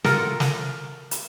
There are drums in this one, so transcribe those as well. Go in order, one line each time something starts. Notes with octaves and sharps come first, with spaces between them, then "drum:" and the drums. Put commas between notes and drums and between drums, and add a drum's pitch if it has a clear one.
F4 F#4 A4 A#4, drum: snare
drum: snare
drum: hi-hat